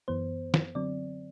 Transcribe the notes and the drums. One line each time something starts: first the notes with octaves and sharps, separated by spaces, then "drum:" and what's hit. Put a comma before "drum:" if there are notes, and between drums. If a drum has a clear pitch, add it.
F#2 E3 B3 C5
drum: snare
D3 F#3 C4 D5